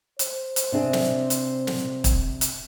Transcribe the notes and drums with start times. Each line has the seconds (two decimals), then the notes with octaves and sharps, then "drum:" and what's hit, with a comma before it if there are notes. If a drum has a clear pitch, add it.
0.19 C5, drum: hi-hat
0.56 drum: hi-hat
0.72 C3 D4 G#4
0.93 drum: snare
1.30 drum: hi-hat
1.67 drum: snare
2.04 drum: kick, hi-hat
2.41 drum: hi-hat